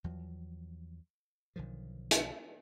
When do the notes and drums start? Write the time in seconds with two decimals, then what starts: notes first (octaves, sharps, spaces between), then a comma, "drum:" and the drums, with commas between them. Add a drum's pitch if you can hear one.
0.04 E2 F3 F#3
1.56 B1 D3 D#3 F3
2.11 drum: hi-hat